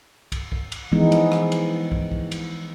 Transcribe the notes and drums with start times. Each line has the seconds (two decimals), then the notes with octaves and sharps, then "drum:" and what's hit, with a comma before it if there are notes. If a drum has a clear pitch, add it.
0.32 drum: kick, cymbal
0.52 drum: kick
0.72 drum: cymbal
0.92 E3 F3 G#3 B3 D#4
1.12 drum: cymbal
1.32 drum: rim click
1.52 drum: cymbal
1.92 drum: kick
2.12 drum: kick
2.31 drum: cymbal